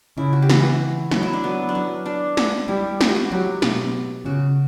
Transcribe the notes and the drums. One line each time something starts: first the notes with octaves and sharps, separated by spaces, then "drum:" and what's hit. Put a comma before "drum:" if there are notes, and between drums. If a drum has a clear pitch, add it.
C#3 E4
F#4
G4
E3 F#4, drum: snare
F#3 E4, drum: snare
E4
D4
F#3 B3
D4
C#4
D4
drum: snare
G3 E4
F#4, drum: snare
G4
F#4
F#3 G4
B2, drum: snare
C#3 F#4